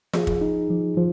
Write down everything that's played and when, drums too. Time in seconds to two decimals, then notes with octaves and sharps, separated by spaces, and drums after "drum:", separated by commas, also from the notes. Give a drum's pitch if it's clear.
0.13 F3 G#4, drum: snare F4
0.27 drum: kick
0.41 D#4
0.70 F3
0.97 F3